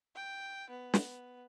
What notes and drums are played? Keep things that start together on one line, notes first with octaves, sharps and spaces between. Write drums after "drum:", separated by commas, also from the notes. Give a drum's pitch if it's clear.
G5
B3
drum: snare